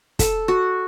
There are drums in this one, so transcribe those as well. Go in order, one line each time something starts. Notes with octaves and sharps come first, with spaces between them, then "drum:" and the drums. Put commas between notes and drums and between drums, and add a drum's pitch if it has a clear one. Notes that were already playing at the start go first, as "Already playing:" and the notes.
A4, drum: kick, hi-hat
F#4